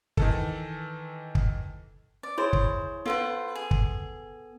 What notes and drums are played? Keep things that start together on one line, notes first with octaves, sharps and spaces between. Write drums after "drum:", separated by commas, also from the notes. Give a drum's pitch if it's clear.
D#3 E3 A4, drum: kick
drum: kick
D5
E4 G#4 C5 C#5
drum: kick
B3 F4 A4 B4 C5
G#4
drum: kick